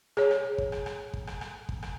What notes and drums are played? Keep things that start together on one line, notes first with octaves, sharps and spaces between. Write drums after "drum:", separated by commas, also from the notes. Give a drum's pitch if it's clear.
G#4 C#5, drum: rim click
drum: rim click
drum: kick
drum: rim click
drum: rim click
drum: kick
drum: rim click
drum: rim click
drum: kick
drum: rim click